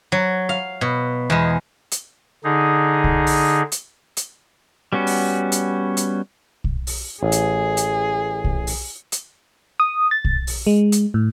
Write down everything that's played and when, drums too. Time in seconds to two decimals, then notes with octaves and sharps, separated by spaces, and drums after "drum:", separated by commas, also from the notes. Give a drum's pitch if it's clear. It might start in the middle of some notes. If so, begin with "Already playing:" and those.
0.12 F#3
0.49 F5
0.81 B2
1.30 E2 G#3
1.91 drum: hi-hat
2.44 D3 D#4 G#4
3.04 drum: kick
3.27 drum: open hi-hat
3.72 drum: hi-hat
4.17 drum: hi-hat
4.93 G3 B3 C#4 F#4
5.07 drum: open hi-hat
5.52 drum: hi-hat
5.97 drum: hi-hat
6.64 drum: kick
6.87 drum: open hi-hat
7.23 A1 G#4
7.32 drum: hi-hat
7.77 drum: hi-hat
8.44 drum: kick
8.67 drum: open hi-hat
9.12 drum: hi-hat
9.80 D#6
10.11 A6
10.25 drum: kick
10.47 drum: open hi-hat
10.67 G#3
10.92 drum: hi-hat
11.14 A2